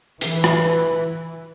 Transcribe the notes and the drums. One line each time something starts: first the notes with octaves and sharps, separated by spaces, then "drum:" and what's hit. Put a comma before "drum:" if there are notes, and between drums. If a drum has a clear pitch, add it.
E3, drum: hi-hat
drum: rim click